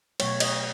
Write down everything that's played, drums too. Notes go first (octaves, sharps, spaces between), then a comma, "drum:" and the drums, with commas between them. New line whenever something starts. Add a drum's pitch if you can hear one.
B2 F#3 A3 C#5, drum: cymbal
D#5, drum: cymbal